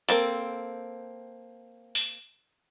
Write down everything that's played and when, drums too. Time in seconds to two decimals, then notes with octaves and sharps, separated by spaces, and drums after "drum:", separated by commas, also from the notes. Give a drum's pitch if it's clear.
0.09 A#3 C4 A4, drum: hi-hat
1.95 drum: open hi-hat